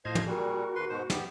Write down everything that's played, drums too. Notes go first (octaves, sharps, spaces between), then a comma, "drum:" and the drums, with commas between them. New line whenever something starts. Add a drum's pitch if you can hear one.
A2 F3 C5 D#5 F5 G#6
drum: tom
A#2 G3 F#4 G#4 A#4
D#2 B4 C6
G#2 B2 C5
B3 G4, drum: snare